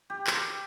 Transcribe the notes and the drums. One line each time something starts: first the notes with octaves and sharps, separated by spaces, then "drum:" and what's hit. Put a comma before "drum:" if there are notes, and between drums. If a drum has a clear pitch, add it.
G4
drum: clap